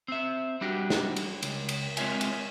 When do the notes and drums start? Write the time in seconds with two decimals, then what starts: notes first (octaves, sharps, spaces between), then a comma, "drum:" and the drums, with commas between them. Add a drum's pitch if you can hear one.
0.08 C4 E5
0.61 G3 D4 F#4 G4
0.90 drum: snare
1.16 drum: cymbal
1.43 C#2, drum: cymbal
1.69 drum: cymbal
1.97 G#3 C4 F4 C#5 E5 G#5, drum: cymbal
2.21 drum: cymbal